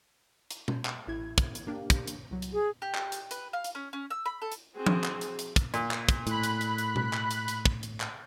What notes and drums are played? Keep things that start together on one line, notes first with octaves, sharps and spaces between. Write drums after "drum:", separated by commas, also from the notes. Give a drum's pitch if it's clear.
drum: hi-hat
drum: tom B2
drum: clap
A1 E4 G#6
drum: kick, hi-hat
drum: hi-hat
A#3 D4 G4
drum: kick, hi-hat
drum: hi-hat
C2 F#3
drum: hi-hat
G#4
G4
drum: clap
drum: hi-hat
B4, drum: hi-hat
F5
drum: hi-hat
C#4
C#4
E6
B5
A4
drum: hi-hat
C4 F#4 G#4
drum: tom F3
drum: clap
drum: hi-hat
drum: hi-hat
drum: kick, hi-hat
A#2, drum: hi-hat
drum: clap
drum: kick, hi-hat
A2 B5 F#6, drum: hi-hat
drum: hi-hat
drum: hi-hat
drum: hi-hat
drum: tom B2
drum: clap
drum: hi-hat
drum: hi-hat
drum: kick
drum: hi-hat
drum: clap